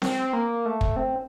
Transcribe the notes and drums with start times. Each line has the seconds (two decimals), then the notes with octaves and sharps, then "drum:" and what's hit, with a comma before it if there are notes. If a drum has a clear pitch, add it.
0.02 C4, drum: snare C4
0.33 A#3
0.66 A3
0.81 drum: kick
0.96 C4